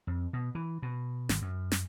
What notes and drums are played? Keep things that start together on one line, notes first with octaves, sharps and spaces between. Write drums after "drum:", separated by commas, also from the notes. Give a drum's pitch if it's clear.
F2
B2
E3
B2
G#1, drum: snare
F#2
drum: snare